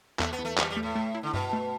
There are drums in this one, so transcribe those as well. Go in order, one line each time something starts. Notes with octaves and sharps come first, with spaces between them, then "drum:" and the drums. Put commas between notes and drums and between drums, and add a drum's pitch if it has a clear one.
E2 A3, drum: clap
B3
E2
A3
E2 G3, drum: clap
G3
A3
A2
A3
E4
D3
G2 B2
A3